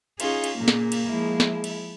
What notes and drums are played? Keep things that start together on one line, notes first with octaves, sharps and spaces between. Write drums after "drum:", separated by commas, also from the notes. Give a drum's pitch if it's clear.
C#4 D#4 F4 G#4, drum: cymbal
drum: cymbal
A#2 C#3 A#3
drum: snare
drum: cymbal
F3 G#3 E4
drum: snare
drum: cymbal